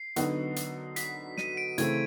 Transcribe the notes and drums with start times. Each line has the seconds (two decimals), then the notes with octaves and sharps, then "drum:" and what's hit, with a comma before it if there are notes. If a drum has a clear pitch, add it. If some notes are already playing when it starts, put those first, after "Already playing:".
Already playing: C7
0.16 D3 F#3 B3 D#4 F#4, drum: hi-hat
0.56 drum: hi-hat
0.96 B6, drum: hi-hat
1.38 D#7, drum: snare
1.57 D7
1.78 C#3 E3 A3 C4 G#6, drum: hi-hat